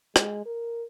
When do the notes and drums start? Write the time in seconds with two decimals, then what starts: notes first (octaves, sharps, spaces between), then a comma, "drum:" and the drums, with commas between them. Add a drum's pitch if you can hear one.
0.16 G#3, drum: rim click
0.46 A#4